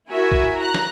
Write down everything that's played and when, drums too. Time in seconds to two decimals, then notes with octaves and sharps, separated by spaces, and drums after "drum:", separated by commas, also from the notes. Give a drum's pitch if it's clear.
0.10 E4 F#4 A#4 E5 G#5
0.32 drum: kick
0.59 A#5 F#6
0.74 drum: snare